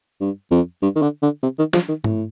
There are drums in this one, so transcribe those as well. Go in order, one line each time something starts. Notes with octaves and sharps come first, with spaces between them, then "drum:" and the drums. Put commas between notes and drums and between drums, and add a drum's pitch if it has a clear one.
G2
F2
G2
D#3
D3
D3
C3
D#3
F3, drum: snare
D#3
A2, drum: tom G#2